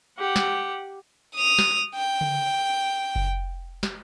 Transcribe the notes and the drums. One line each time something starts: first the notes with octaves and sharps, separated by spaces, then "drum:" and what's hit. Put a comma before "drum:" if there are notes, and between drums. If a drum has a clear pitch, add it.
G4 F#5
drum: snare
D#6 F7
drum: snare
G5
drum: tom C#3
drum: kick F#1
drum: snare